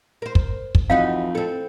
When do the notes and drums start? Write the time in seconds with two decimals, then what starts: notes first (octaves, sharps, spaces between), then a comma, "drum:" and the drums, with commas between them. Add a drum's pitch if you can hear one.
0.22 A#4 C5
0.35 drum: kick
0.75 drum: kick
0.90 F2 E3 D#4 F#4 F5
1.35 C4 A4